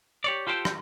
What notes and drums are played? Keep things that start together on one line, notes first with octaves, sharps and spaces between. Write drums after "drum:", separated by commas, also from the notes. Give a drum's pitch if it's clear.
G4 C#5 D5
F4 G4 A4 C5 F5 G5
drum: rim click